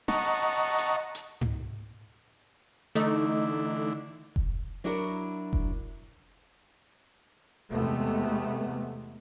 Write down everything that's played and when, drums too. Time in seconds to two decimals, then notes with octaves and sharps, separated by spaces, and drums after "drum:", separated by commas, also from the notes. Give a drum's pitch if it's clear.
0.08 D#5 F#5 A5 A#5 C#6, drum: snare
0.78 drum: hi-hat
1.15 drum: hi-hat
1.41 drum: tom G#2
2.95 D3 E3 A3 D#4, drum: hi-hat
4.36 drum: kick F1
4.84 F#3 D4 E4 F#4 A#4
5.53 drum: kick F1
7.70 E2 C3 G#3 A3 B3